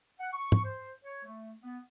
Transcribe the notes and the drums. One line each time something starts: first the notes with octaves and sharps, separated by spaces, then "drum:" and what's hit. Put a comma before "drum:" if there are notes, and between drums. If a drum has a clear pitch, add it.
F#5
C#6
drum: tom G#2
C5
C#5
A3
B3